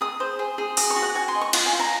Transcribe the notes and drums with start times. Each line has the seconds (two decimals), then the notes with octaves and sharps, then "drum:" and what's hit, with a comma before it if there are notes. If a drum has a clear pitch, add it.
0.01 G#4 D#6
0.20 C5
0.39 G#4
0.58 G#4
0.77 F#4 D#6, drum: open hi-hat
0.90 C#6
0.96 F#4
1.02 F#5
1.15 F#4 G#5
1.28 C6
1.35 D#5
1.41 C#6
1.53 F4 F#5, drum: cymbal
1.66 G#5
1.73 F4
1.80 A#5